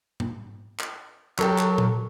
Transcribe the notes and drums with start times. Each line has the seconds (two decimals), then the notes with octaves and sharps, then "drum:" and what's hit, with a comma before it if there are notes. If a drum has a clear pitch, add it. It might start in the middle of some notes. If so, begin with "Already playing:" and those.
0.20 drum: tom G#2
0.79 drum: clap
1.39 F#3 G4 A4 A#4, drum: clap
1.58 drum: clap
1.78 drum: tom A#2